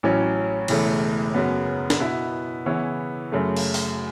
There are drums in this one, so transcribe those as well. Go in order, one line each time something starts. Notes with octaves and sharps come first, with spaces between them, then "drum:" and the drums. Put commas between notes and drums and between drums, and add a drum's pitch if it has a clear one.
A1 A2 F#3 C#4
E1 E2 C#3 A3, drum: cymbal
F#2 C#3 F#3 B3
drum: snare
B2 B3 E4
C#3 E3 B3 E4 C#5
F#2 C#3 A3
drum: cymbal
drum: open hi-hat